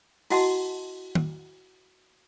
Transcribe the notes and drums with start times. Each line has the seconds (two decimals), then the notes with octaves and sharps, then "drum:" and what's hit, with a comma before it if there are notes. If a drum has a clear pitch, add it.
0.30 E4 F#4 D#5 F#5 A5 C6, drum: open hi-hat
1.15 drum: tom